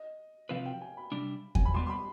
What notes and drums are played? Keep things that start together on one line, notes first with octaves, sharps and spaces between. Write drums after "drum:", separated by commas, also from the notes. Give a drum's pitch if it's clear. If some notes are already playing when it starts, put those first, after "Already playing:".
Already playing: D#5
C3 F3 C4 F4 B4 F5
G5
G#5
B5
C3 G3 D4
G#5, drum: kick E2
B5
B2 G3 B3 C6
C6
B5